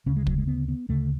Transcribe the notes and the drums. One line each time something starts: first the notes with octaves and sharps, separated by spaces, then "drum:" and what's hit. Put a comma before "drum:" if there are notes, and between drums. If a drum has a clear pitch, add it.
D2 C#3 C#4
G#3
F#3, drum: kick
G#3
B3
B3
D2 C#3 A3